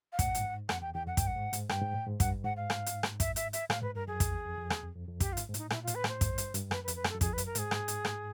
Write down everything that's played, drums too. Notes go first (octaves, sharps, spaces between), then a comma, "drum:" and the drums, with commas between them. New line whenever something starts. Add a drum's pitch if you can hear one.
F5
A2 F#5, drum: kick, hi-hat
G2, drum: hi-hat
G#2
F2 F#5, drum: rim click
E2 G5
E2 G5
F2 F#5
G2 G5, drum: kick, hi-hat
F#5
G#2
G#2, drum: hi-hat
G2 G5, drum: rim click
G#2
A2
G#2
G2 F#5, drum: kick, hi-hat
G#2 F#5
F5
drum: rim click
drum: hi-hat
drum: rim click
E5, drum: kick, hi-hat
E5, drum: hi-hat
E5, drum: hi-hat
A2 F5, drum: rim click
G#2 B4
G2 A#4
F#2 G#4
F2, drum: kick, hi-hat
E2
F2
F2
E2, drum: rim click
F2
F2
F2
F#2 G4, drum: kick, hi-hat
F4
G#2, drum: hi-hat
G#2
A2 D#4, drum: hi-hat
A#2 E4, drum: rim click
F4
A2, drum: hi-hat
B4
A2 C5, drum: rim click
G#2, drum: kick, hi-hat
G2, drum: hi-hat
G2, drum: hi-hat
F#2 B4, drum: rim click
B4
F2, drum: hi-hat
B4
F#2, drum: rim click
A4
F#2
F2 G#4, drum: kick, hi-hat
B4
F#2, drum: hi-hat
A#4
G#2 G#4, drum: hi-hat
drum: rim click
drum: hi-hat
drum: rim click